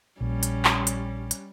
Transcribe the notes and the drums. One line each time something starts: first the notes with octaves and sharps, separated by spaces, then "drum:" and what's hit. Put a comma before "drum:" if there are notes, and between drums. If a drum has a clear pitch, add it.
A#1 G3 C#4
drum: hi-hat
drum: clap
drum: hi-hat
drum: hi-hat